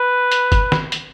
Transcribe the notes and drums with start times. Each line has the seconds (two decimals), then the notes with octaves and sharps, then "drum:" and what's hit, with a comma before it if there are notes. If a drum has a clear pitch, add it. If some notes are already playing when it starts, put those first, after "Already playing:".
Already playing: B4
0.32 drum: hi-hat
0.52 drum: kick G1, hi-hat
0.72 drum: snare
0.92 drum: hi-hat